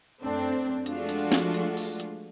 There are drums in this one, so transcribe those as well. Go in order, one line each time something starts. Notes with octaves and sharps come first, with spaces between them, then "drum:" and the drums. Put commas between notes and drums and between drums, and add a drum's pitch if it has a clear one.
F#2 A3 C4 D4
F3 G#3 A3 D4 F4 F#4, drum: hi-hat
drum: hi-hat
drum: snare
drum: hi-hat
drum: open hi-hat
drum: hi-hat